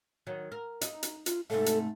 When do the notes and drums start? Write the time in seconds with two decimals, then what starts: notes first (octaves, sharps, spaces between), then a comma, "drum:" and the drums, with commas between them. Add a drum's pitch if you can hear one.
0.27 D#3 F#3
0.52 A#4
0.81 D#4, drum: hi-hat
1.03 drum: hi-hat
1.26 F4, drum: hi-hat
1.50 G#2 C3 A3 A4
1.66 drum: hi-hat